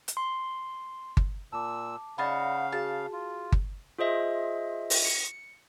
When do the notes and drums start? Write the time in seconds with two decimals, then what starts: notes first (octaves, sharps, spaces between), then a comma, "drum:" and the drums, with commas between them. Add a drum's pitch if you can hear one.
0.08 drum: hi-hat
0.17 C6
1.17 drum: kick G1
1.52 A#2 A5 D6 E6
2.18 C#3 D#4 F#4 D5 F5 A5 B5
2.72 F#4 G#4 A5
3.13 F4
3.52 drum: kick G1
3.99 F4 G#4 C5 D#5 E5
4.90 drum: open hi-hat
5.05 C#7